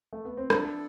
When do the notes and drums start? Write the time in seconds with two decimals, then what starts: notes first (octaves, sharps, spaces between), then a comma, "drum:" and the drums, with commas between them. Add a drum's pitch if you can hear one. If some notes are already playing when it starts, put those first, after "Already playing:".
0.13 A3
0.25 B3
0.37 C4
0.50 F3 B3 D4 E4 A4 D5, drum: rim click